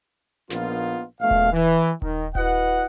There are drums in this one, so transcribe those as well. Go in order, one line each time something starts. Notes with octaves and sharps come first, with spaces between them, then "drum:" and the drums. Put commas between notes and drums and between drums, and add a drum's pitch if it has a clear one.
A#1 A#3 B3 D#4 F4, drum: snare
A#1 B2 A3 F5
drum: kick D#1
E3
D#3, drum: kick D#1
E4 F#4 B4 D#5 F#5, drum: kick D#1